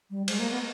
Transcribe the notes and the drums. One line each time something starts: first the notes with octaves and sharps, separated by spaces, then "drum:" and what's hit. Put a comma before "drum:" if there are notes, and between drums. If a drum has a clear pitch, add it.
G3
G#3, drum: cymbal
A#3
B3